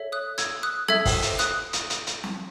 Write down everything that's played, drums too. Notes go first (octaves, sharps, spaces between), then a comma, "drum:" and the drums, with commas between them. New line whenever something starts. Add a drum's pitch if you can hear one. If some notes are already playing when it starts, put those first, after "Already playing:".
Already playing: A4 C#5 E5
D#6 F#6
E6 G#6, drum: hi-hat
D#6 F#6
A4 E5 E6 G#6, drum: snare
drum: kick, open hi-hat
drum: hi-hat
D#6 F#6, drum: hi-hat
drum: hi-hat
drum: hi-hat
drum: hi-hat
drum: snare